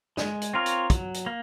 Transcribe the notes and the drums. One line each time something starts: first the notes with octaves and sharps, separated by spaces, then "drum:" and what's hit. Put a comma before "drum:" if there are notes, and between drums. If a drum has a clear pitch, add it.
G#3, drum: snare
drum: hi-hat
C4 F4 A#4 C#5
drum: hi-hat
F#3, drum: kick, hi-hat
drum: hi-hat
A#3